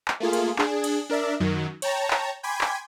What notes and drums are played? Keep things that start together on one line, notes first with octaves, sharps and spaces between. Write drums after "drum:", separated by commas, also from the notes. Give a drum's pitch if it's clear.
drum: clap
A3 A#3 F4 G#4
drum: cymbal
D4 G#4, drum: clap
drum: cymbal
D4 A#4 D5 E5
F#2 D#3 F#3
C#5 G5 A5 A#5, drum: cymbal
drum: clap
G5 G#5 B5 C6 D6 G#6
drum: clap